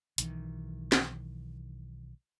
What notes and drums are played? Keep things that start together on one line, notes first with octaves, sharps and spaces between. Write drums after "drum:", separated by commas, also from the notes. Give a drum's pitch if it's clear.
B1 D#3 E3, drum: hi-hat
drum: snare